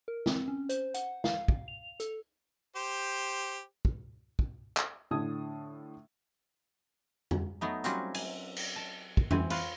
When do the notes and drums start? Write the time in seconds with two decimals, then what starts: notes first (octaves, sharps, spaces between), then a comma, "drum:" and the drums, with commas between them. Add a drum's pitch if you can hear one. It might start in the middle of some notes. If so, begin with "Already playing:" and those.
0.08 A#4
0.26 C4, drum: snare
0.48 C#4
0.69 C5, drum: hi-hat
0.94 F#5, drum: hi-hat
1.24 F5, drum: snare
1.48 drum: kick
1.68 F7
2.00 A4, drum: hi-hat
2.76 G4 C5
3.85 drum: kick
4.39 drum: kick
4.77 drum: clap
5.11 A2 D3 A5 D#6 G#6
7.31 drum: tom F2
7.61 F#3 A3 B3 D#4
7.84 F#3 G3 C4 C#4 F4 F#4, drum: hi-hat
8.14 G#5, drum: cymbal
8.56 drum: cymbal
8.76 A5
9.17 drum: kick
9.31 E3 C4 G#5, drum: tom F2
9.50 F4 B4 C#5 F5, drum: cymbal